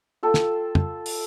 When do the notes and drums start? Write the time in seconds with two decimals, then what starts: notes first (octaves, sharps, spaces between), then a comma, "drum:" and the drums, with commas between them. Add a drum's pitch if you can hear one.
0.23 F4 A4 G5
0.34 drum: snare
0.75 drum: tom
1.06 drum: open hi-hat